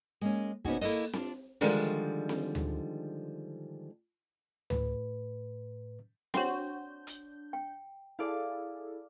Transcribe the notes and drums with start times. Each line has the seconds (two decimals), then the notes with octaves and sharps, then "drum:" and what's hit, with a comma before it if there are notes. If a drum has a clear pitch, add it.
0.21 G#3 A#3 C#4
0.65 C3 B3 C#4 D#4 F#4 G#4, drum: kick
0.81 A#3 E4 A4 A#4 D#5, drum: open hi-hat
1.13 D4 F4, drum: snare C4
1.61 D3 D#3 F3 G3 G#3, drum: open hi-hat
2.29 drum: snare C4
2.55 drum: tom D2
4.70 A2 B4, drum: tom D2
6.34 C4 D4 F#4 C#5 F#5 C6 G6, drum: snare C4
7.07 drum: hi-hat
7.53 G5
8.19 E4 G#4 A4 D5 F5